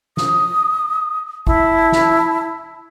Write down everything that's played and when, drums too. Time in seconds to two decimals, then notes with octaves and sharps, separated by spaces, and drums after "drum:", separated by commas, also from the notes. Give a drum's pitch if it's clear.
0.17 D#6, drum: snare
1.47 E4 A5, drum: kick G#1
1.92 drum: snare